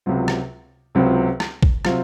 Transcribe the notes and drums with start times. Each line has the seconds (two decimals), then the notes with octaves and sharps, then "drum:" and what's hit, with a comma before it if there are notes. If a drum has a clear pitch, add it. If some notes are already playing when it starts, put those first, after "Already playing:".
0.06 C#2 C3 F#3 C4 F4
0.28 drum: rim click
0.95 C#2 C3 F#3 C4 F4
1.40 drum: rim click
1.63 drum: kick A#1
1.85 C3 F#3 C4 F4, drum: rim click